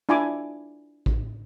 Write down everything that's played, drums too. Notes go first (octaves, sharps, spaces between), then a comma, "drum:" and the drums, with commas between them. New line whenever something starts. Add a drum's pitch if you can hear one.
D4 E4 F4 G#5 B5 D6
drum: kick